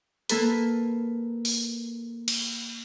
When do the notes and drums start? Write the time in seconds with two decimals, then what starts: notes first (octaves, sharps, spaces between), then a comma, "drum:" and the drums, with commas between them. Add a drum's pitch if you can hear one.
0.29 A#3 A4 B4, drum: hi-hat
1.45 drum: open hi-hat
2.28 drum: cymbal